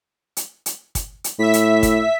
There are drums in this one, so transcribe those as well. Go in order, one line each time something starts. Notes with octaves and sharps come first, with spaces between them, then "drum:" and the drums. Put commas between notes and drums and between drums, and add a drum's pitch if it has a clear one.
drum: hi-hat
drum: hi-hat
drum: kick, hi-hat
drum: hi-hat
A2 E5 B6
drum: hi-hat
drum: kick, hi-hat